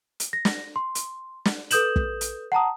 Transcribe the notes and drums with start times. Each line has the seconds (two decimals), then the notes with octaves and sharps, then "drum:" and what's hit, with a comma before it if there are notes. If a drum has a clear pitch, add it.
0.20 drum: hi-hat
0.33 A#6
0.45 drum: snare
0.76 C6
0.95 drum: hi-hat
1.45 drum: snare
1.71 A4 B4 D#6 G6 E7 F#7, drum: hi-hat
1.96 drum: kick
2.21 drum: hi-hat
2.52 F#5 A5 A#5 D#6